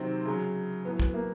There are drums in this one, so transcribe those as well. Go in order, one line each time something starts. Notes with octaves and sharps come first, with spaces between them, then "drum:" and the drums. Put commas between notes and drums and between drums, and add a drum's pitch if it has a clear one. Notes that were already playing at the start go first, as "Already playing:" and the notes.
Already playing: C3 D#3 F#3 C4
C#3 F#3
A2 F#3 B3
B3, drum: kick
A#3